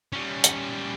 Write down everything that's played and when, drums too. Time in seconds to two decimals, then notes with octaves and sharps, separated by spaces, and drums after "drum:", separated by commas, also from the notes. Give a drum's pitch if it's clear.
0.13 G3 C#4
0.44 drum: hi-hat